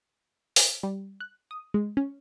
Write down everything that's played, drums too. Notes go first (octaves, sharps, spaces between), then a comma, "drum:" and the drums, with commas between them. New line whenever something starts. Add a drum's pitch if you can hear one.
drum: open hi-hat
G3
F#6
D#6
G#3
C#4